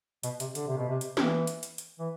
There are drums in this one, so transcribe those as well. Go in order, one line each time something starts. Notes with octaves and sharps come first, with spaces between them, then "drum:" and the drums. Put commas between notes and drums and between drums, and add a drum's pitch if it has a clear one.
B2, drum: hi-hat
C3, drum: hi-hat
D3, drum: hi-hat
C3
B2
C3
drum: hi-hat
E3, drum: snare
drum: hi-hat
drum: hi-hat
drum: hi-hat
E3